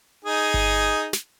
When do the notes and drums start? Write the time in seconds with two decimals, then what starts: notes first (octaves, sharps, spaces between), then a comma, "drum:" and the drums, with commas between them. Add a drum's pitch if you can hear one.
0.24 D#4 G#4
0.54 drum: kick G1
1.13 drum: snare